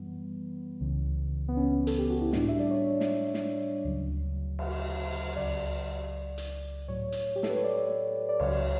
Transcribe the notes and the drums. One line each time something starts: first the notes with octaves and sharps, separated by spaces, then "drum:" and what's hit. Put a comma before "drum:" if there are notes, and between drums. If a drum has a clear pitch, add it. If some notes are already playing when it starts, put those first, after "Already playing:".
Already playing: F#2 E3 G3 B3
C#2 C#3 E3
B3
C#4
A4, drum: hi-hat
G4
F#4
E4
A2 G3 D4, drum: snare
E5
D5
C#5
drum: snare
drum: snare
D2 C#3 F#3
drum: cymbal
C#2 C#3 F#3 D5
drum: hi-hat
A2 F#3 C#5
drum: hi-hat
G4
A4, drum: snare
B4
C#5
D5
D5
C#2 C#3 F#3 C#5, drum: cymbal